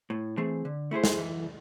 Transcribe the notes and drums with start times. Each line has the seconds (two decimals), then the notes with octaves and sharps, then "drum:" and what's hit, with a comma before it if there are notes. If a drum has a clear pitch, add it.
0.10 A2
0.37 E3 A3 C4 G#4
0.65 D3
0.91 A3 E4 G#4 C5
1.04 drum: snare
1.18 E3